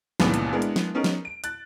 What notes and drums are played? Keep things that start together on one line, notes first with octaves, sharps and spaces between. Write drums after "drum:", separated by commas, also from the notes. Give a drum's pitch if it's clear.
C#2 G2 A#2 D#3 E3 B3, drum: snare
drum: hi-hat
G#3 B3 D4 E4 G#4 A#4
drum: hi-hat
drum: snare
B3 C#4 D#4 G#4 A#4
drum: snare
D7
F#6 A6, drum: hi-hat